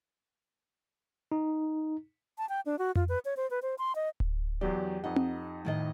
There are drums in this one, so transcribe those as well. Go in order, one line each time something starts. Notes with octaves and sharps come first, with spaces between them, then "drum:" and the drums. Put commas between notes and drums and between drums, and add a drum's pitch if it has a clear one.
D#4
A5
G5
D4
F#4
F4, drum: tom F2
B4
C#5
C5
B4
C5
C6
D#5
drum: kick D1
E2 F#3 G4 D5
F2 D#4 D#5 F#5
drum: tom C4
A2 D#3 D#5